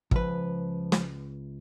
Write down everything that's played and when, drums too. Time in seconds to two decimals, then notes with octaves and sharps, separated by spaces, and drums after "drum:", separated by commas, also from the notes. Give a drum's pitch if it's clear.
0.11 C#2 F3 B4, drum: kick
0.92 drum: snare